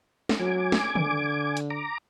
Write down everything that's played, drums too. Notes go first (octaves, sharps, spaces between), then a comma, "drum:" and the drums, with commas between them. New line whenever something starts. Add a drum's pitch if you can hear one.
drum: snare
F#3 G#5 D6
drum: snare
D3, drum: tom D3
drum: hi-hat
A#5 D6